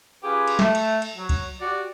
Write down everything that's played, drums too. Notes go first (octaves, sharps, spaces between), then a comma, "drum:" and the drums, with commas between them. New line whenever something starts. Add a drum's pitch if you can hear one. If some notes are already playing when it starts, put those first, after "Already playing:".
C#4 F4 G4 G#4 B4
drum: cymbal
A3, drum: snare
drum: cymbal
drum: cymbal
F#3
drum: kick C2, cymbal
F#4 G4 D5